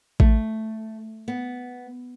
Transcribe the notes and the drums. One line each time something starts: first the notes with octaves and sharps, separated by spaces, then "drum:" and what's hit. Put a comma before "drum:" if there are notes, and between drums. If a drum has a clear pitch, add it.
A3, drum: kick A1
B3